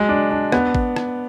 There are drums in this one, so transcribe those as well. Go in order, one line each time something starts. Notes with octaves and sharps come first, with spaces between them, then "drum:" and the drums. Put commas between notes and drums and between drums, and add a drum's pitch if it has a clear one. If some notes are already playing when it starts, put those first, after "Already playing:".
Already playing: F#3 G#3
D4
D4
B3, drum: rim click
drum: kick G#1
drum: rim click